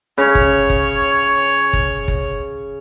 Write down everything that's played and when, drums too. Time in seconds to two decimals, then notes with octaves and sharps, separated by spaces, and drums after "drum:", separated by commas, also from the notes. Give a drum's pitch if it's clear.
0.18 C#3 C#5
0.35 drum: kick
0.70 drum: kick
1.73 drum: kick
2.08 drum: kick